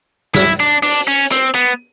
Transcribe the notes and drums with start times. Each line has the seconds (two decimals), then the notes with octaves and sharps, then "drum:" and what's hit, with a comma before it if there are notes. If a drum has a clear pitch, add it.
0.35 E4, drum: snare
0.60 D4
0.83 D4, drum: open hi-hat
1.07 C#4
1.31 C4, drum: hi-hat
1.55 B3